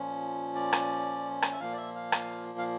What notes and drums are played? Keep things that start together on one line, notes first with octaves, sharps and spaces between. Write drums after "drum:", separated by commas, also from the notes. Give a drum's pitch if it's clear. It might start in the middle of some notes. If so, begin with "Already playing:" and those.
Already playing: A#2 F3 C#4
D5
drum: rim click
drum: rim click
E5
A#2 F3 A#3 F5
D5
E5
F5
drum: rim click
F5